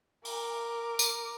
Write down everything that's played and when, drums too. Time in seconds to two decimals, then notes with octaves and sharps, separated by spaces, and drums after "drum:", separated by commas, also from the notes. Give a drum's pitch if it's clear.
0.25 A#4 D6, drum: open hi-hat
0.99 drum: tambourine